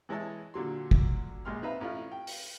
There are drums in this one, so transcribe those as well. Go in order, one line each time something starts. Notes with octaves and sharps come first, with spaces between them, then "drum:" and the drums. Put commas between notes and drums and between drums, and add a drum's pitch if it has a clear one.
E3 G#3 E4 C#5 A5 E6
A#2 D3 F#3 C6
drum: kick
A#1 G#3 C6 F6
C4 D#4 B4 E5 F5 A#5
A1 E4 F4 F6
G5
drum: open hi-hat